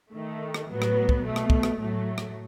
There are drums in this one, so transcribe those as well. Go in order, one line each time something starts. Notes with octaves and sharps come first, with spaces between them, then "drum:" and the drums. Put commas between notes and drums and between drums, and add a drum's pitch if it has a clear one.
D#3 A3
drum: rim click
A2 F#3 B3
drum: rim click
drum: kick
B2 A3
drum: rim click
drum: kick
drum: rim click
A2 F#3 A3
drum: rim click